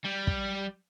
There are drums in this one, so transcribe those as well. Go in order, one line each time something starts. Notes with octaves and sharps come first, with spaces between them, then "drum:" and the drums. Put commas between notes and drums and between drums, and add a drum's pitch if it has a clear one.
G3
drum: kick